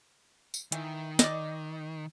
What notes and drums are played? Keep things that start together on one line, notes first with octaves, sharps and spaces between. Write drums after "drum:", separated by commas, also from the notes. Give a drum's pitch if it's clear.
drum: tambourine
D#3 E3, drum: hi-hat
D5 D#5, drum: snare